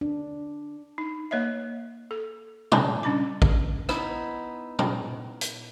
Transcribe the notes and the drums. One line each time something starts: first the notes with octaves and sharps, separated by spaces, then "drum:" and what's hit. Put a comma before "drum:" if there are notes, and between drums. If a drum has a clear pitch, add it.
D4
D#4
A#3 C#5 D#5 E5
A4
drum: tom
G3 C#4 D4 B5 D6
drum: kick
B3 D#4 E4, drum: rim click
drum: tom
drum: hi-hat